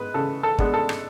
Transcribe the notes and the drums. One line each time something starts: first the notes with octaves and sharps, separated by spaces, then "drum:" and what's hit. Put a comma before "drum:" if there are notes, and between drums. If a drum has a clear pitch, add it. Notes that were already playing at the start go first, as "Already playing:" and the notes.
Already playing: G#3 B3 B4
C#3 A4
A4
G#3 B3 D4, drum: kick
A4
drum: rim click